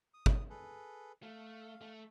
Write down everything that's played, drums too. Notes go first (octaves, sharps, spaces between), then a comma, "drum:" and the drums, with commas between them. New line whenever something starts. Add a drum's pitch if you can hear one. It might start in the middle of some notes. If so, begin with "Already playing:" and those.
D#6
drum: kick G1
G#4 A4 B4
A3 F5
A3